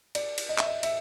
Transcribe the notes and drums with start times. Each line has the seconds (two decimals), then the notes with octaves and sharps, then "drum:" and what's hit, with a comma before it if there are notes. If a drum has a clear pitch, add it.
0.15 D5, drum: cymbal
0.38 drum: cymbal
0.49 D#5
0.58 E5, drum: clap
0.67 D#5
0.83 E5, drum: cymbal